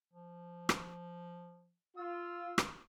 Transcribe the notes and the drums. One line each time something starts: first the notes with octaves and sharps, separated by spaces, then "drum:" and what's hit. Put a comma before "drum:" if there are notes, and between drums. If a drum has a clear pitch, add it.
F3
drum: rim click
F4 E6
drum: rim click